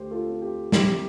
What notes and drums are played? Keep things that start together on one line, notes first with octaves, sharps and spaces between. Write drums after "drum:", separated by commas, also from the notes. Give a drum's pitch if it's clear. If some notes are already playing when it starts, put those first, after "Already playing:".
Already playing: D2 A3 G4 C5
F4 A4
C4
G4
C3 G4, drum: snare